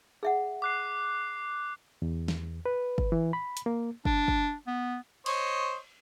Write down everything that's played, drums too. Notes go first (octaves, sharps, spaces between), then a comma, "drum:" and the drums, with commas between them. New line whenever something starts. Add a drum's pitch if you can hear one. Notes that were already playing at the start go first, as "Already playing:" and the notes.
G#4 E5 F#5
D6 F#6 C7
E2
drum: snare
B4
drum: kick
E3
B5
drum: hi-hat
A#3
D4, drum: kick
drum: kick
B3
C5 C#5 D#5, drum: cymbal